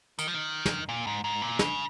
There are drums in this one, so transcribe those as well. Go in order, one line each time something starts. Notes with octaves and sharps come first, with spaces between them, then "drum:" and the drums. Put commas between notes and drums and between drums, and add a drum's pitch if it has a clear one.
D#3, drum: tambourine
F3
D#3
drum: snare
A#2
G#2
G#2
A#2
C#3, drum: snare